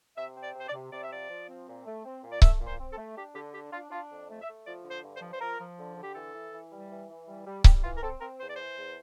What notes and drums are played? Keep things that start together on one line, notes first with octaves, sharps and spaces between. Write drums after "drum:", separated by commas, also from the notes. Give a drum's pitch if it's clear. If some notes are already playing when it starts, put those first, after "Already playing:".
C3 E5
C4
D5
C3
C5
D5
C3
C3 D5
E5
F3 D5
F3
C4
A#2
A3
C4
A#2
D5
A3 E5, drum: kick C#1
A#2
C5
C4
A4
A3
D4 G4
D3 G4
D4 G4
D4 F4
D4 F4
F2
A3
E5
A3
F3 D5
D3
C5
G2
C5
F3
C5
F3 A#4
F3
D3
D3
G4
E3 A4
E3
E3
G3
E3
E3
G3
G3
G3 G4, drum: kick C#1
E3 F4
A#4
C4 A4
C4 A#4
E2 C5
D5
E3 C5
E2